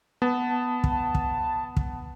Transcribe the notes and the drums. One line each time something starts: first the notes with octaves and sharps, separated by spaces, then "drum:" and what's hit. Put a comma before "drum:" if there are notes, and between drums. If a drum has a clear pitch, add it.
B3 A5
drum: kick
drum: kick
drum: kick